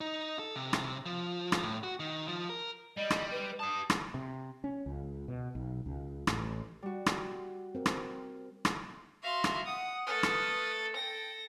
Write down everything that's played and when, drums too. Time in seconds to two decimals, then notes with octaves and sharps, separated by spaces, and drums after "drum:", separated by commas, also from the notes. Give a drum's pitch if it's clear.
0.01 D#4
0.39 A4
0.56 C3
0.73 drum: rim click
1.06 F3
1.52 drum: rim click
1.63 A2
1.83 F#4
2.00 D#3
2.28 F3
2.50 A#4
2.97 G3 D#5
3.10 drum: rim click
3.31 B4
3.60 G4 A5 D#6
3.90 drum: rim click
4.14 C3
4.64 C#4
4.86 C#2
5.28 B2
5.55 B1
5.86 C#2
6.27 A1, drum: rim click
6.82 G3 F#4
7.06 drum: rim click
7.75 C4 A#4
7.86 drum: rim click
8.65 drum: rim click
9.23 F#4 E5 F5 C6
9.44 drum: rim click
9.66 F#5 D#6
10.07 A3 A4 B4 D#6 F6
10.23 drum: rim click
10.96 A4 G5 A#6